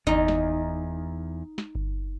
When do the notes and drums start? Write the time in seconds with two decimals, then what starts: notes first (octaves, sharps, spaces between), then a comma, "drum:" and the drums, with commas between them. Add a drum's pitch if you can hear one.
0.07 E2 D#4, drum: kick G1
0.28 drum: snare
1.58 drum: snare
1.75 drum: kick G1